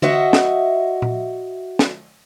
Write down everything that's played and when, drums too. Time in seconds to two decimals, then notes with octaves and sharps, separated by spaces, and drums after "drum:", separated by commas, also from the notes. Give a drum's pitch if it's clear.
0.02 F#4 C5 D#5 E5 F#5, drum: tom D3
0.33 drum: snare
1.02 drum: tom A#2
1.79 drum: snare